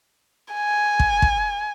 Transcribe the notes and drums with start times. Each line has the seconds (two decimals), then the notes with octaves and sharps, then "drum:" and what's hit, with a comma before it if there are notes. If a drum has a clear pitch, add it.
0.54 G#5
1.00 drum: kick
1.22 drum: kick